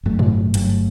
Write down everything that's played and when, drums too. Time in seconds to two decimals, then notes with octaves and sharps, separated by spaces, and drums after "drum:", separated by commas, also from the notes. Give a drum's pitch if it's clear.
0.03 G1 G2 F#3 A3
0.19 drum: tom G#2
0.54 G1 G2 F#3 A3, drum: hi-hat